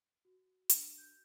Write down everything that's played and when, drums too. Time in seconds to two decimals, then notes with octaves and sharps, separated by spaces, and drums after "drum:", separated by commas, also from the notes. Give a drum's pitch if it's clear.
0.25 F#4
0.69 D4, drum: hi-hat
0.98 G6